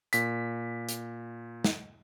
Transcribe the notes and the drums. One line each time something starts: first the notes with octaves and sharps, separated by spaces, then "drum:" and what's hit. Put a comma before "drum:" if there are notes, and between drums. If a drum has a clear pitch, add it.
A#2 B6, drum: hi-hat
drum: hi-hat
drum: snare